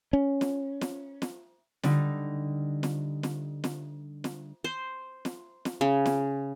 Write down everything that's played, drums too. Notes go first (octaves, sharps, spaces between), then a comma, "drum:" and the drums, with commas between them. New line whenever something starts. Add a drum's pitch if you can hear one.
C#4
drum: snare
drum: snare
drum: snare
D3 G3 D#4, drum: snare
drum: snare
drum: snare
drum: snare
drum: snare
C5
drum: snare
drum: snare
C#3
drum: snare